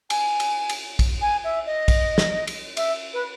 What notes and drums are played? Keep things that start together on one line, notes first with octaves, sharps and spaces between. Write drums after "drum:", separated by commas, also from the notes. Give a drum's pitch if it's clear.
G#5, drum: cymbal
drum: cymbal
drum: cymbal
drum: kick, cymbal
G#5
E5
D#5
drum: kick, cymbal
drum: snare
drum: cymbal
E5, drum: cymbal
B4